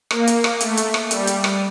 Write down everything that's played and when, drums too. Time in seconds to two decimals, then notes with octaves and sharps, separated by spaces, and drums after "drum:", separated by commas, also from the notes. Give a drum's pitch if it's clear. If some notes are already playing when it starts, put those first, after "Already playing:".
0.11 A#3, drum: rim click
0.27 drum: hi-hat
0.44 drum: rim click
0.60 A3, drum: hi-hat
0.77 drum: hi-hat
0.94 drum: rim click
1.11 G3, drum: hi-hat
1.27 drum: hi-hat
1.44 drum: rim click